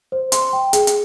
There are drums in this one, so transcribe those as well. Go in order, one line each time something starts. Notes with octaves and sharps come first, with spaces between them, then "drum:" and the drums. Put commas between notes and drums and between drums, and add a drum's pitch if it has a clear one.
C5
C6, drum: hi-hat
G5
G#4, drum: hi-hat
drum: hi-hat